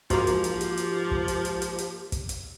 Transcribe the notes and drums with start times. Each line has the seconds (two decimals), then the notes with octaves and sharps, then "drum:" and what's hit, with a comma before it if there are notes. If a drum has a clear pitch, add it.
0.10 G#2 F3 A#3 F#4 G4 C6 D6, drum: kick, hi-hat
0.27 drum: hi-hat
0.44 drum: hi-hat
0.61 drum: hi-hat
0.77 drum: hi-hat
1.11 drum: kick
1.28 drum: hi-hat
1.45 drum: hi-hat
1.62 drum: hi-hat
1.78 drum: hi-hat
2.12 drum: kick, hi-hat
2.29 drum: hi-hat